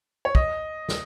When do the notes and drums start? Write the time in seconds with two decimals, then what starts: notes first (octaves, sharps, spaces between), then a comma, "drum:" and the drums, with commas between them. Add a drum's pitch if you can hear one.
0.25 C#5
0.35 D#5, drum: kick
0.89 drum: snare